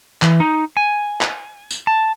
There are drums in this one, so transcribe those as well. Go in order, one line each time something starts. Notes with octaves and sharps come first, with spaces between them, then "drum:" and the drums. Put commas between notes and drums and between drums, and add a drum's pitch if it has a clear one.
E3, drum: clap
D#4
G#5
drum: clap
drum: tambourine
A5